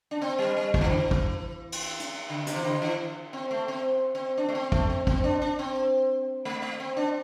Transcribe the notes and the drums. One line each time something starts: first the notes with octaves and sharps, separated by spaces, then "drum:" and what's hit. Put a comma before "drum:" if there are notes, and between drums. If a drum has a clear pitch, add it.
D4
C4
G3
G3
G3, drum: kick
E3
D3
E3
drum: kick
drum: cymbal
drum: hi-hat
D3
C3, drum: hi-hat
E3
D3
E3
C4
A3
C4
C4
D4
A3
C4
A3, drum: kick
C4
C4, drum: kick
D4
D4
C4
A3
A3
C4
D4